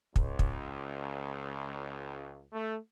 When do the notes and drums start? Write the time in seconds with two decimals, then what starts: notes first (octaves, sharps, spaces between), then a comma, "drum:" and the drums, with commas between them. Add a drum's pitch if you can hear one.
0.16 C#2, drum: kick
0.39 drum: kick
2.52 A3